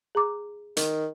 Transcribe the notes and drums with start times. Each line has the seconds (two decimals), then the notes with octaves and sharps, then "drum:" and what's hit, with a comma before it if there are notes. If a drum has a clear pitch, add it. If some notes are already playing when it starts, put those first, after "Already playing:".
0.15 G#4 A#5 D6
0.77 D#3, drum: hi-hat